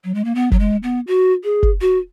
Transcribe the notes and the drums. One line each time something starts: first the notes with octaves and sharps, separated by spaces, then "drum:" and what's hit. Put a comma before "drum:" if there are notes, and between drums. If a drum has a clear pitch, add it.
F#3
G#3
A#3
B3
F#3, drum: kick F#1
G#3
B3
F#4
G#4
drum: kick F#1
F#4